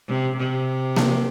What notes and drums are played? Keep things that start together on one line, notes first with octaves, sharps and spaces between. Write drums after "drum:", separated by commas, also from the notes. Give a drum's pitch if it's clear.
C3
C3
drum: snare A#3